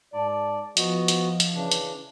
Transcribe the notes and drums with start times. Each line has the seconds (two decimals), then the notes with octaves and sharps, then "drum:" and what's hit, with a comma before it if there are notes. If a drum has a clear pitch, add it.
0.13 G#2 D5 A5
0.77 F3 B3 F#4 D#5, drum: hi-hat
1.08 drum: hi-hat
1.40 drum: hi-hat
1.54 C#3 E3 D4
1.72 drum: hi-hat